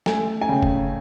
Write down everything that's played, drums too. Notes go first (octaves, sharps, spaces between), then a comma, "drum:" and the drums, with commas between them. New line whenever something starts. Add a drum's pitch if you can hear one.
A3 G#5, drum: snare
G#5
C#3 G5
drum: kick